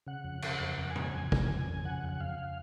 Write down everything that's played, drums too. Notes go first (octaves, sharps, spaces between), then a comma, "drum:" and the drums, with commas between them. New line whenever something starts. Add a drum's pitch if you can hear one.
C#3 F#5
F2
C#3, drum: cymbal
F2
F2 F#5
G#5
C#3, drum: tom
G#5
F2
F2, drum: kick
C#3
F2
C#3 F#5
F2
F#5
F2 F5